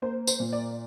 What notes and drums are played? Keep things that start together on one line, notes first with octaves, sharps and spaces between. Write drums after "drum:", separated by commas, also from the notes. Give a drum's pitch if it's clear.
A#3 C5
C5, drum: tambourine
A#2
D5